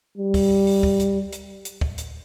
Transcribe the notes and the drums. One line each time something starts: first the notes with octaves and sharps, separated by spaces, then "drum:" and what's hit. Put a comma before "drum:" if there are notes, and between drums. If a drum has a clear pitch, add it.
G3
drum: kick, open hi-hat
drum: open hi-hat
drum: kick
drum: hi-hat
drum: hi-hat
drum: hi-hat
drum: kick
drum: hi-hat